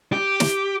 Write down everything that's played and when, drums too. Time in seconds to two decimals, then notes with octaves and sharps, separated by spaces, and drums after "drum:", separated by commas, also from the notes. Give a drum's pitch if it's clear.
0.13 G4
0.40 drum: snare